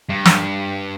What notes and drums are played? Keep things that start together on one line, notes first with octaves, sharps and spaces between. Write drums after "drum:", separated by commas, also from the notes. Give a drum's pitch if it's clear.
G2
drum: snare